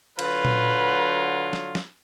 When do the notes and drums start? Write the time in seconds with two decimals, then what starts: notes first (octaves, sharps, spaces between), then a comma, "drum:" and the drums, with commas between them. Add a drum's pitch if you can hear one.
0.19 D3 F#3 F4 B4, drum: cymbal
0.45 drum: tom A#2
1.53 drum: snare
1.75 drum: snare